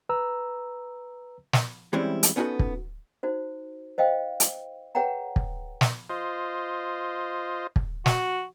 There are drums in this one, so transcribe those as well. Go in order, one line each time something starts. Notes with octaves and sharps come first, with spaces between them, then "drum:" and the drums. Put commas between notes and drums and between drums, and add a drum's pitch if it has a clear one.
B4 A#5 E6
drum: snare
E3 G3 G#3 C4 C#4 E4
drum: hi-hat
B3 C#4 D#4 F4 F#4 A4
drum: kick
D#4 F#4 C5
C5 D#5 F5 G5
drum: hi-hat
G#4 B4 C#5 F#5 G5 A#5
drum: kick
drum: snare
F4 C5 D#5
drum: kick
F#4, drum: snare